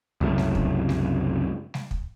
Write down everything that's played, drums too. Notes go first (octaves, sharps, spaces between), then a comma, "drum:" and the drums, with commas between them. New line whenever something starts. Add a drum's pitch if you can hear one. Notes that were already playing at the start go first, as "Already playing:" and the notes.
C2 F#2 C#3 A3
drum: snare
drum: kick
drum: snare
drum: snare
drum: kick